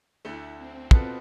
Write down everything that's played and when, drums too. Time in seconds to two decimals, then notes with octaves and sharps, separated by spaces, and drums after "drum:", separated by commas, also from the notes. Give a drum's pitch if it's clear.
0.24 D2 D3 A3 E4
0.57 C4
0.91 B2 B3 F4 A4, drum: kick